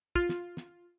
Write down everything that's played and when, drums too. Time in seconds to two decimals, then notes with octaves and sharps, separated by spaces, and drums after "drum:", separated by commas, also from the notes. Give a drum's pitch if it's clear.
0.15 F4, drum: kick
0.29 drum: snare
0.57 drum: snare